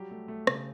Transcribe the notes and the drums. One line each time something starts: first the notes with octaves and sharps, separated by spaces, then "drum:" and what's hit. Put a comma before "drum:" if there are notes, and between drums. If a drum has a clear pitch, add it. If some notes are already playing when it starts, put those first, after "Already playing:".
Already playing: F#3 G3 G4
A3
A3
C#3, drum: rim click